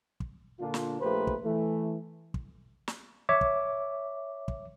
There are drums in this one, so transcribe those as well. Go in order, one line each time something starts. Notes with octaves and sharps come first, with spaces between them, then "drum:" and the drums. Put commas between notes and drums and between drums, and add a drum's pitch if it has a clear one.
drum: kick
A#2 D3 D4 F4
drum: snare
A#1 A3 A#3 G4 B4 C5
drum: kick
E3 A3
drum: kick
drum: snare
C#5 E5 D6
drum: kick
drum: kick